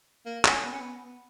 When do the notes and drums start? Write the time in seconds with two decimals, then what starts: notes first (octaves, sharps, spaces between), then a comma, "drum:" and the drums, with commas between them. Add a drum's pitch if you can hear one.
0.26 A#3
0.45 C#4, drum: clap
0.65 B3
0.73 C#4
0.80 B3
1.03 B3